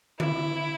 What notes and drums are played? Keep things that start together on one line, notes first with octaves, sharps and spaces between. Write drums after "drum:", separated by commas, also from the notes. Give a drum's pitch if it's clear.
E4, drum: tom D3